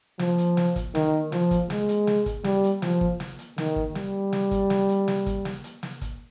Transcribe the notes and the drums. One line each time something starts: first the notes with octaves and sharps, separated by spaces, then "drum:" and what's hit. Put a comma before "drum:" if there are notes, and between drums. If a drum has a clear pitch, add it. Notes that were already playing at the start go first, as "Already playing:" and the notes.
F3, drum: snare
drum: hi-hat
drum: snare
drum: kick, hi-hat
D#3, drum: snare
F3, drum: snare
drum: kick, hi-hat
G#3, drum: snare
drum: hi-hat
drum: snare
drum: kick, hi-hat
G3, drum: snare
drum: hi-hat
F3, drum: snare
drum: kick
drum: snare
drum: hi-hat
D#3, drum: snare
drum: kick
G3, drum: snare
drum: snare
drum: kick, hi-hat
drum: snare
drum: hi-hat
drum: snare
drum: kick, hi-hat
drum: snare
drum: hi-hat
drum: snare
drum: kick, hi-hat